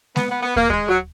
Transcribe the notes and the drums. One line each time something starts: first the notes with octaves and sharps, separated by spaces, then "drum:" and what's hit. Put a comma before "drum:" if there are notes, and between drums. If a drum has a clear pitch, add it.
B3, drum: snare G#3
B3
B3
A#3, drum: kick
G#3, drum: kick
F#3